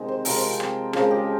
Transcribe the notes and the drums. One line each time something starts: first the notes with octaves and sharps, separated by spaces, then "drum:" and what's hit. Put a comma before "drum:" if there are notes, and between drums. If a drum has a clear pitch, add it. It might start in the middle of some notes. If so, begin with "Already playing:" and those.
Already playing: C3 D#3 G#3
C5
C3 F3 G#3 A#4, drum: open hi-hat
C5
G5
G5, drum: rim click
C#3 F3 G#3 A#4, drum: rim click
G4